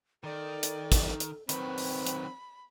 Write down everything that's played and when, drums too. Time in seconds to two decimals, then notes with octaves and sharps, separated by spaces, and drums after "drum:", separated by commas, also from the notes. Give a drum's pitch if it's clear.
0.24 D#3 A4 D5
0.63 drum: hi-hat
0.92 drum: kick, hi-hat
1.20 drum: hi-hat
1.49 D#3 F#3 C4 B4 B5, drum: hi-hat
1.78 drum: open hi-hat
2.07 drum: hi-hat